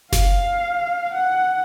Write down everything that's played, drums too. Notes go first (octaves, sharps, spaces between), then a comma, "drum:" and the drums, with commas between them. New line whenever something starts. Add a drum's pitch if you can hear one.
F5, drum: snare F#1
F#5